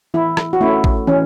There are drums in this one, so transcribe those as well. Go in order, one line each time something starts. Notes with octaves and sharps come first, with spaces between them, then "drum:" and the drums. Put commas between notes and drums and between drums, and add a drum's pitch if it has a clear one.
E3 E4
drum: rim click
F#4
A3 C#4 E4
drum: kick
E3 C#4